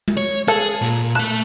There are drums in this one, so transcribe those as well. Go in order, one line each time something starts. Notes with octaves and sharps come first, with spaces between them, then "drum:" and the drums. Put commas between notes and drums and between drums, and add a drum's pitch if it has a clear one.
drum: tom G#3
C#5
G#4 A4
A#2
A3 A5 F#6